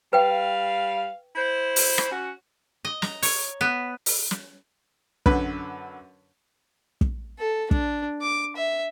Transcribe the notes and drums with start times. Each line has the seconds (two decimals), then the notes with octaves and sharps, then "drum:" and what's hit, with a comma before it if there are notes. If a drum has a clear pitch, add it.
0.13 G3 B4 F5 G5
1.35 E4 C5
1.76 drum: open hi-hat
1.98 drum: rim click
2.10 C#4 F#4
2.85 D#5
3.02 A#5, drum: snare
3.22 C#5, drum: open hi-hat
3.61 B3
4.06 drum: open hi-hat
4.31 drum: snare
5.26 F#2 D3 B4, drum: kick
7.01 drum: kick
7.39 A4
7.71 D4, drum: kick
8.22 D6
8.56 E5